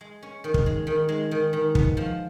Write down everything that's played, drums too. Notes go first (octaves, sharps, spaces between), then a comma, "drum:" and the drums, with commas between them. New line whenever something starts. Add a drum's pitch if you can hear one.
G#3
C#4
D#3
drum: kick
G#3
D#3
G#3
D#3
D#3
B3, drum: kick
F3